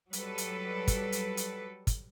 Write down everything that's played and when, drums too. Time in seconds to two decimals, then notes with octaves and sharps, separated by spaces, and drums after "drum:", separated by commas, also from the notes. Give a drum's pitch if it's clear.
0.13 F#3 G3 A4 B4, drum: hi-hat
0.38 drum: hi-hat
0.87 drum: kick, hi-hat
1.12 drum: hi-hat
1.37 drum: hi-hat
1.87 drum: kick, hi-hat